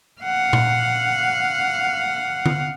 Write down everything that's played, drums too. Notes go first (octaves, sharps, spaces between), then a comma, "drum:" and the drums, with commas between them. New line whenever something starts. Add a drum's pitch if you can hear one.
F5 F#5
drum: tom A#2
drum: tom D3